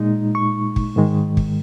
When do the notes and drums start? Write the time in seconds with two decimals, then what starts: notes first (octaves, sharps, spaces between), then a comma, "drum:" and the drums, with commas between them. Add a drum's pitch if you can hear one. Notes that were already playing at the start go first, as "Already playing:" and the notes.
Already playing: A#2 G#3 D#4
0.35 C#6
0.76 drum: kick
0.96 G#2 D#3 G#3
1.37 drum: kick